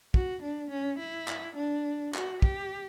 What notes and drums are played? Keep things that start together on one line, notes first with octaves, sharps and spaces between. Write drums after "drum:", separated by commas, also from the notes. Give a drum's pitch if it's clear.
F#4, drum: kick
D4
C#4
E4
drum: clap
D4
F#4, drum: clap
G4, drum: kick